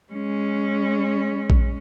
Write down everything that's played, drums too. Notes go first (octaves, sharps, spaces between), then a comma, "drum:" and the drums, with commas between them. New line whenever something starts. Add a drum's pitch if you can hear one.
G#3 C#4
drum: kick A#1